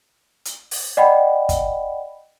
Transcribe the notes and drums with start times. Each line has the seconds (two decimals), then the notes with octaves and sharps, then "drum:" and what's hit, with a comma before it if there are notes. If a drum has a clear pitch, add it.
0.45 drum: hi-hat
0.71 drum: open hi-hat
0.97 D5 D#5 F#5 G5 B5
1.49 drum: kick, hi-hat